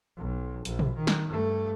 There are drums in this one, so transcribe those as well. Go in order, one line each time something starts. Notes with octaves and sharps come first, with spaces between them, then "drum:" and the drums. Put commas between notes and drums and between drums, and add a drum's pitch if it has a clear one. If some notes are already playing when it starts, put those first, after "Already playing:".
B1
A#1, drum: hi-hat
drum: tom
D#3
drum: snare
G2 A3